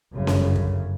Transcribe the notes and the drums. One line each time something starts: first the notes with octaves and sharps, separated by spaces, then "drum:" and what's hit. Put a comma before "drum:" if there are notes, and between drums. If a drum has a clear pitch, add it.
G1 F#2 C#3
drum: snare C#4
drum: kick